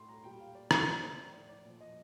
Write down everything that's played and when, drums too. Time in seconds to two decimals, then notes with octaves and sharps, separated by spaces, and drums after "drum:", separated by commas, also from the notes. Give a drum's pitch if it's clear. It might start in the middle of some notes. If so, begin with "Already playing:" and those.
Already playing: A2 C6
0.08 A#5
0.24 A#2 G3 G5
0.39 F5
0.55 D5
0.71 A2 G3 C5, drum: rim click
0.86 D5
1.02 C5
1.18 A2 F3 D5
1.33 D5
1.49 D5
1.65 A#2 F3
1.80 D#5